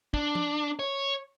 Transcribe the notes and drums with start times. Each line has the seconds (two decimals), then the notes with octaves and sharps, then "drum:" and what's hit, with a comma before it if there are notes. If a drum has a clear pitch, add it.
0.14 D4, drum: kick
0.35 drum: tom
0.79 C#5